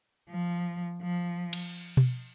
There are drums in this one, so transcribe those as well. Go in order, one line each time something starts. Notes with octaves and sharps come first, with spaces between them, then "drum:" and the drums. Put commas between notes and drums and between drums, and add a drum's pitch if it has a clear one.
F3
F3
drum: cymbal
drum: tom B2